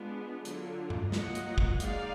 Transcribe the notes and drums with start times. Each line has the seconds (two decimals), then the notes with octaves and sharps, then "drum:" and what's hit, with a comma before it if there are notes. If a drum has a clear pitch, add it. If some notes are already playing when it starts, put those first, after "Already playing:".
Already playing: G#3 B3 D4 F4
0.45 D3 F#3 D4 F4, drum: hi-hat
0.90 drum: tom G2
1.12 F#3 A#3 F4 D#5 F#5, drum: snare
1.35 drum: hi-hat
1.58 drum: kick
1.80 G#3 D#4 D5 F5, drum: hi-hat